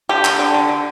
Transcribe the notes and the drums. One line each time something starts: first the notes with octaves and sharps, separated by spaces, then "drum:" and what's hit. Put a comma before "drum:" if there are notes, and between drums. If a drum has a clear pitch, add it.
D3 G4
D3, drum: clap
D3
D3
D3